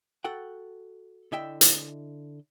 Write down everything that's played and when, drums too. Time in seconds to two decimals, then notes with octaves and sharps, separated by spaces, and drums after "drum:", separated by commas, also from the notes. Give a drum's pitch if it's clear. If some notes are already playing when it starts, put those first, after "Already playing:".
0.24 F#4 A4 F#5 G5
1.32 D3 E4 D#5 E5 G5
1.61 drum: hi-hat